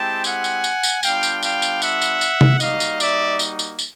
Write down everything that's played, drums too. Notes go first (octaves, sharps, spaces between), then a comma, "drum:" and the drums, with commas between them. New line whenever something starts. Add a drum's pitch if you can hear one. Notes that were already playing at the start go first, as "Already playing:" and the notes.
Already playing: G#3 C4 E4 G4 G5 A5
F#5 G#5, drum: tambourine
drum: tambourine
drum: tambourine
drum: tambourine
G3 B3 D4 F4 F5 G5, drum: tambourine
drum: tambourine
F5 G5, drum: tambourine
drum: tambourine
E5 F#5, drum: tambourine
drum: tambourine
drum: tambourine
drum: tom C3
G3 A#3 D#4 F#4 D#5 F5, drum: tambourine
drum: tambourine
D5 E5, drum: tambourine
drum: tambourine
drum: tambourine
drum: tambourine